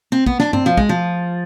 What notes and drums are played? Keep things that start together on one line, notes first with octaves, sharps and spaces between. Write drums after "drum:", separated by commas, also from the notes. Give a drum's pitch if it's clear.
C4
B3, drum: kick
D4, drum: snare
C4, drum: tom G2
F3
G#3, drum: kick
F3